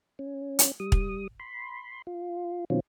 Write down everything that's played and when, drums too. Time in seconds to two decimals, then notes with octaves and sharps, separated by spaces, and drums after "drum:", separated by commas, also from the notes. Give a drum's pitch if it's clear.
0.19 C#4
0.59 drum: hi-hat
0.80 G3 D#6
0.92 drum: kick
1.40 B5 C6
2.07 F4
2.70 B2 D#3 F#3 C4 C#4 F4